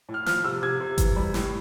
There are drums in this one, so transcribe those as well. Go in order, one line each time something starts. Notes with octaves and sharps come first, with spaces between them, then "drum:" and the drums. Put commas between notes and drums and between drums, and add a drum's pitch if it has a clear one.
A2
F6
F3 F6, drum: snare
C3 E6
C3 G#6
C3
E3, drum: kick G1, hi-hat
G3
A2, drum: snare